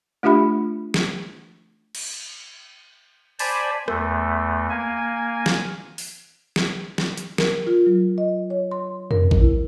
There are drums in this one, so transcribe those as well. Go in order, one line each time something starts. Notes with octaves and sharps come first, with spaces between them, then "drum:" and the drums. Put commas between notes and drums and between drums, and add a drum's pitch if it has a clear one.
A3 D4 F4 G4 E5 B5
drum: snare
drum: cymbal
C5 D5 G#5 A5 B5, drum: open hi-hat
E2 A3, drum: rim click
A#3 G#5
drum: snare
drum: open hi-hat
drum: snare
drum: snare
drum: hi-hat
A#4, drum: snare
F4
F#3
D#5
C#5
C6
A#4, drum: tom F2
drum: kick A1
E4